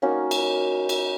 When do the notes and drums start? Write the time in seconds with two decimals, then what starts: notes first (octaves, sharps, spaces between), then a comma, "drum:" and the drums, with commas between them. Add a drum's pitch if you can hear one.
0.02 A#3 C#4 D#4 F#4
0.31 drum: cymbal
0.89 drum: cymbal